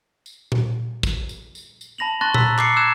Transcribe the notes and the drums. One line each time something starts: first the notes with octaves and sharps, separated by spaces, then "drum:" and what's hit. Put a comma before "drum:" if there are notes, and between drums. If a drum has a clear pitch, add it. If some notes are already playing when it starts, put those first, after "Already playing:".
drum: tambourine
drum: tom A#2
drum: kick, tambourine
drum: tambourine
drum: tambourine
drum: tambourine
A5 B5 A#6 F7 F#7
A5 C6 C#6 F#6 A6 A#6
A#5 E6 F#6 B6, drum: tom A#2
D6 C7 C#7, drum: clap
E6 F#6 G#6 E7